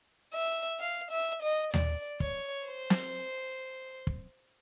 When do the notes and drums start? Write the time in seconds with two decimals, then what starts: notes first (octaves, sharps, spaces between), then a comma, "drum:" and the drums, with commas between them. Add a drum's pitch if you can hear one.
0.34 E5
0.80 F5
1.11 E5
1.42 D#5
1.74 D5, drum: tom D#2
2.20 C#5, drum: kick
2.67 C5
2.90 drum: snare
4.07 drum: kick